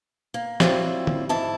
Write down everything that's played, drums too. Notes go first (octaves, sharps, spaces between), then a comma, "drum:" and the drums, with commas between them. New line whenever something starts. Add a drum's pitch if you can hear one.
A#3
F#3 G3 A3 C4 E4 F4, drum: snare
drum: tom
G#2 E4 A5